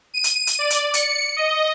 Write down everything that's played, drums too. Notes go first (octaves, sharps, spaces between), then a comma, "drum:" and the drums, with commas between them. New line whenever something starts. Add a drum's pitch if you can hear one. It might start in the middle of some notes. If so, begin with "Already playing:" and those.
D#7
drum: hi-hat
drum: hi-hat
D5
drum: hi-hat
C#7, drum: hi-hat
D#5